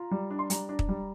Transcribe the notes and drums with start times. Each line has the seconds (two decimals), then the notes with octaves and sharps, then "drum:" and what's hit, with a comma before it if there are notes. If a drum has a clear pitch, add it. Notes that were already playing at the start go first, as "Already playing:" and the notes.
Already playing: F4 A#5
0.11 G3
0.30 D4
0.39 C6
0.50 G3 A#5, drum: hi-hat
0.69 D4
0.79 drum: kick
0.89 G3